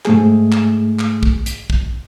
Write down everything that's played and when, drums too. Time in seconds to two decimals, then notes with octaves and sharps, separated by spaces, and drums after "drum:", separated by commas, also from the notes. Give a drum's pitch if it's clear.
0.05 G#2 A3 G#4, drum: clap
0.52 drum: clap
0.99 drum: clap
1.23 drum: kick
1.46 drum: hi-hat
1.70 drum: kick